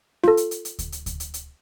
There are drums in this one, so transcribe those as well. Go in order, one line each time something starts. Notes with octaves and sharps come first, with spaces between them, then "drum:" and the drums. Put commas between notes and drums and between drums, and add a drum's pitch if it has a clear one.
F4 A4, drum: snare
drum: hi-hat
drum: hi-hat
drum: hi-hat
drum: kick D2, hi-hat
drum: hi-hat
drum: kick D2, hi-hat
drum: hi-hat
drum: hi-hat